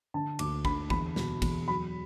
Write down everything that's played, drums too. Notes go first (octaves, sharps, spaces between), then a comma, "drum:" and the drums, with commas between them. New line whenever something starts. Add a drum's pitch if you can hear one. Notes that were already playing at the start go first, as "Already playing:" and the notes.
D3 A5
D2 D6, drum: cymbal
D3 B5, drum: kick
E2 B5, drum: kick
B2, drum: snare
E2, drum: kick, cymbal
F#3 B5